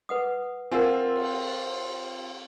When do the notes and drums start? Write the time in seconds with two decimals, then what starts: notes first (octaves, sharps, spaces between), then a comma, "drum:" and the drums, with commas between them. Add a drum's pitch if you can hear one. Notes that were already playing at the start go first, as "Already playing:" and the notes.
0.09 B4 F#5 D#6
0.71 C4 F4 A#4 F#5 G#5
1.16 drum: cymbal